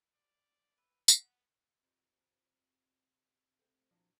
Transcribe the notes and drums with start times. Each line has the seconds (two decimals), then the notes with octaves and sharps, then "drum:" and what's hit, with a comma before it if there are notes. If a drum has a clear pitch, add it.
0.14 D5
0.78 B4 E5
1.08 B3 F#5, drum: tambourine
1.83 F2 C3
3.59 A3 C4
3.91 C2 A#2 F3 F#3 D4